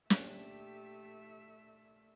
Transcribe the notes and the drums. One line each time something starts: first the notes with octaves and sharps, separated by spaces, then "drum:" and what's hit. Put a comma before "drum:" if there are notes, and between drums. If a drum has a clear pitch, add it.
A#2 A3 D4 G4 E5, drum: snare